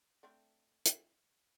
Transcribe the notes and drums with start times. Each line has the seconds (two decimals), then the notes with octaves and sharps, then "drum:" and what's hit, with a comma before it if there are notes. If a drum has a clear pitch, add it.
0.23 A3 C4 D4
0.86 drum: hi-hat